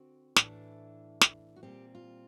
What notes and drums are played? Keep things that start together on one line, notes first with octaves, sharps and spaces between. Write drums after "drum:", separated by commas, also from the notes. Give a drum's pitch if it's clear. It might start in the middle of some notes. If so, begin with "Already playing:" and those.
Already playing: D3 C4 F#4
A2 E3 A3 D4, drum: snare
drum: snare
F#4
A#2 G3 C4 G4
F4